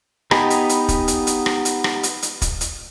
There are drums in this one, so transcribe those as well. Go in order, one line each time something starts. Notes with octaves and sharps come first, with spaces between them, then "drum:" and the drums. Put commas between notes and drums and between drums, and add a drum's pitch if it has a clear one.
B3 D#4 G4 G#5 B5, drum: rim click
drum: hi-hat
drum: hi-hat
drum: kick, hi-hat
drum: hi-hat
drum: hi-hat
drum: rim click
drum: hi-hat
drum: rim click
drum: hi-hat
drum: hi-hat
drum: kick, hi-hat
drum: hi-hat